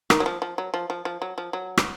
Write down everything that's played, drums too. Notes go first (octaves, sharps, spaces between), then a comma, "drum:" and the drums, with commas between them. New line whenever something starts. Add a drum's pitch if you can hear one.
D#3, drum: rim click
F#3
F3
F3
F#3
F3
F3
F3
F#3
F3
F#3
drum: rim click